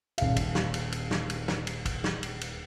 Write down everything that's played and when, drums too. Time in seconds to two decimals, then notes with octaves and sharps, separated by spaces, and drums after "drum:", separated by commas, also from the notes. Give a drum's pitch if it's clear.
0.18 D#1 F5, drum: cymbal
0.36 drum: kick, cymbal
0.55 drum: snare
0.74 drum: cymbal
0.92 drum: cymbal
1.11 drum: snare
1.30 drum: cymbal
1.48 drum: snare
1.67 drum: cymbal
1.85 drum: kick, cymbal
2.04 drum: snare
2.23 drum: cymbal
2.41 drum: cymbal